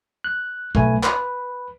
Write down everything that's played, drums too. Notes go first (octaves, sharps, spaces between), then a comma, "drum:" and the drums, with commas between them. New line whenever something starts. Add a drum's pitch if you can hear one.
F#6
B1 A3 B4 G#5, drum: kick
B4, drum: clap